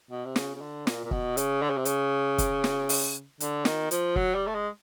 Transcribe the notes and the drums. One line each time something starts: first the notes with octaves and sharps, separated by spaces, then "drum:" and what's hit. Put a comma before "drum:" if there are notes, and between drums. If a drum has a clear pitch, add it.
B2
C3
C#3, drum: snare
C#3
D3
A#2, drum: snare
A#2
B2, drum: kick
C#3, drum: hi-hat
D3
C#3
C3
C#3, drum: hi-hat
drum: kick, hi-hat
drum: snare
drum: open hi-hat
D3, drum: hi-hat
D#3, drum: snare
F3, drum: hi-hat
F#3, drum: kick
G3
A3
G#3